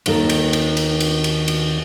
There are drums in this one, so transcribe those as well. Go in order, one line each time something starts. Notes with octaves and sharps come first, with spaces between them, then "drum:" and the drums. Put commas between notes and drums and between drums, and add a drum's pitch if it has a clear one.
D#2 D#3 A4 A#4, drum: cymbal
drum: cymbal
drum: cymbal
drum: cymbal
drum: cymbal
drum: cymbal
drum: cymbal